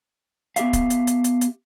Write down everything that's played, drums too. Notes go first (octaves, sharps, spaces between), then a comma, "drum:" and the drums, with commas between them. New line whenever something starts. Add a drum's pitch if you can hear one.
B3 G4 E5 F5, drum: hi-hat
drum: kick, hi-hat
drum: hi-hat
drum: hi-hat
drum: hi-hat
drum: hi-hat